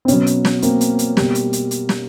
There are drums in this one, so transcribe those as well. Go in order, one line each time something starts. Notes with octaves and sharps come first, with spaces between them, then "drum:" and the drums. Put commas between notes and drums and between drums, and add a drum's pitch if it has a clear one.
C4
B2 F#3 B3 C#4, drum: hi-hat
drum: hi-hat
drum: snare
A#3 C4, drum: hi-hat
drum: hi-hat
drum: hi-hat
B2 G3, drum: snare
drum: hi-hat
drum: hi-hat
drum: hi-hat
drum: snare